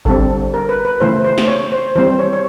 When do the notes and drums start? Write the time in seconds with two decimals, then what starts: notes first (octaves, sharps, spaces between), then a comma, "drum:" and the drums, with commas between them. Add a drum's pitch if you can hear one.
0.05 D3 G3 C4 A4, drum: kick G#1
0.54 A#4
0.69 B4
0.85 B4
1.00 C#3 E3 A3 C5
1.24 C5
1.38 drum: snare
1.47 C#5
1.72 C5
1.96 E3 G3 C4 C5
2.19 C#5
2.33 C#5